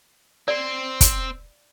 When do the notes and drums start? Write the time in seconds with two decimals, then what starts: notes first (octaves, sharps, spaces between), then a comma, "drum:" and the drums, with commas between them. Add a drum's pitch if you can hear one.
0.48 C4 C5 D5
1.01 drum: kick, hi-hat